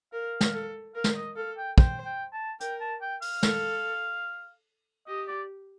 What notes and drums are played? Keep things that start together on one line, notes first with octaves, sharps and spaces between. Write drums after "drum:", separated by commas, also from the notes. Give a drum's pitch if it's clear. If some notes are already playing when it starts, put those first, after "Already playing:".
A#4 F5
drum: snare
A4
A#4 F5
drum: snare
D#5
A4 F5
G5
C5 G5, drum: kick
G5
A5
A#4 G5, drum: hi-hat
A5
G5
F5, drum: open hi-hat
A4, drum: snare
G4 D#5
D5